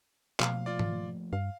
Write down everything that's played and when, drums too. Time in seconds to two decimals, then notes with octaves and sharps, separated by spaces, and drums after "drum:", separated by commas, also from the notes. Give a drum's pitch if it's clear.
0.40 B2 F3 A3 A#3 F5, drum: clap
0.66 F4 D5
0.79 drum: tom
1.33 G2 F5